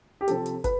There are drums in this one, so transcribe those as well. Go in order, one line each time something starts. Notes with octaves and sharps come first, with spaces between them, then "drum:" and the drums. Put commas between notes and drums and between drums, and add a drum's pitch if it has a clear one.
G4
C3 F3 C4 A4, drum: hi-hat
drum: hi-hat
B4, drum: kick, hi-hat